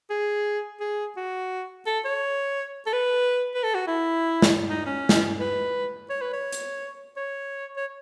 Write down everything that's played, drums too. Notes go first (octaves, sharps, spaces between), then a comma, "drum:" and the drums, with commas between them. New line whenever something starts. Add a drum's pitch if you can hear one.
G#4
G#4
F#4
A4
C#5
A4
B4
B4
A4
F#4
E4
drum: snare
D#4
C#4
drum: snare
B4
C#5
B4
C#5
drum: hi-hat
C#5
C#5